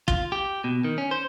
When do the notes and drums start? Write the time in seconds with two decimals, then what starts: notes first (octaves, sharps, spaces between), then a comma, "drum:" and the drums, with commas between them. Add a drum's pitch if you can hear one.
0.08 F4, drum: kick
0.32 G4
0.64 B2
0.84 D#3
0.98 C#4
1.11 C5